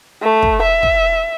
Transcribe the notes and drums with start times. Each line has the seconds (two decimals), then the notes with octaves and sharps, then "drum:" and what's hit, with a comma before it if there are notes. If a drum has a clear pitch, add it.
0.22 A3
0.42 drum: kick
0.63 E5
0.83 drum: kick